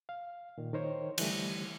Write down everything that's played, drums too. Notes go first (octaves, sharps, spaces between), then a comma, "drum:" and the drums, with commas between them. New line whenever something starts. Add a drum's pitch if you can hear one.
F5
A#2 D#3
D#3 A#4 C5 C#5
D3 E3 G3 A3, drum: cymbal